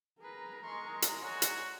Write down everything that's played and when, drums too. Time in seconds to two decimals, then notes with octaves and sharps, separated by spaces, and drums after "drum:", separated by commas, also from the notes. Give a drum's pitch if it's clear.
0.21 G#4 A#4 B4 A#5
0.65 G#3 C6 C#6
1.02 drum: hi-hat
1.22 F#4 C#5 G#5
1.42 drum: hi-hat